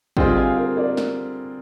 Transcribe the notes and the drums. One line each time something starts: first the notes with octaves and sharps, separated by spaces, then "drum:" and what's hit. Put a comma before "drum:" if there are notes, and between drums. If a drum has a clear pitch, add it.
D3 G3 C4 F4 G#4 D#5 G5, drum: kick
F5 G#5
A#4
A#4 D5
drum: snare